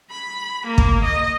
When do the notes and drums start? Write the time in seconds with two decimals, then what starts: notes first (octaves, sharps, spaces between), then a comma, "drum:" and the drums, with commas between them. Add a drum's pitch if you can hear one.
0.10 B5
0.66 A#3
0.78 drum: kick
1.04 D#5